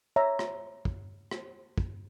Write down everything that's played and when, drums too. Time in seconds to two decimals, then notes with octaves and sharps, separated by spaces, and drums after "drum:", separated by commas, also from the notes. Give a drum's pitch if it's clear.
0.16 C#5 E5 A#5
0.39 drum: rim click
0.85 drum: kick
1.31 drum: rim click
1.78 drum: kick